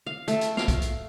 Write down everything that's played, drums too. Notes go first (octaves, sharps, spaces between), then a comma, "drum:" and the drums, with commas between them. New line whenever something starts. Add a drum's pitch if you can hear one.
F5
A3, drum: hi-hat
drum: hi-hat
F5, drum: snare
drum: kick B1, hi-hat
drum: hi-hat